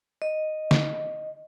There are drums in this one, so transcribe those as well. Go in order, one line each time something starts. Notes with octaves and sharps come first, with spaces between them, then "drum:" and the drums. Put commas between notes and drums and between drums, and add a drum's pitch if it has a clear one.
D#5
drum: snare